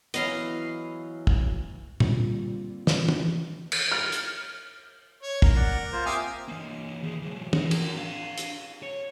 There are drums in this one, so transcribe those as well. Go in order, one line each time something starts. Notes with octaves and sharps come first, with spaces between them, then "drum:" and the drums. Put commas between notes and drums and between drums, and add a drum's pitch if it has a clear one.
E3 F#3 B3 D#5 F5, drum: hi-hat
drum: kick
D3 G3 A#3 C4 F4, drum: tom
drum: snare
drum: tom
drum: cymbal
F6
drum: hi-hat
C#5
A#4, drum: kick
D5 F#5
A#3 F4 C5
C4 G4 E5 F5 G#5 D#6
E3 A#3
D#2 G#4
E3 F#3
F#4 A#4, drum: tom
drum: cymbal
D4 F5
drum: hi-hat
C#5